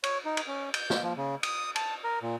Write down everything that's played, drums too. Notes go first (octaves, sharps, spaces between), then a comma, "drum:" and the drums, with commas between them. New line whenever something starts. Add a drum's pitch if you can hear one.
C#5, drum: cymbal
D#4
drum: cymbal
C#4
G6, drum: cymbal
drum: snare
F3
C#3
D#6, drum: cymbal
A5, drum: cymbal
A#4
A#2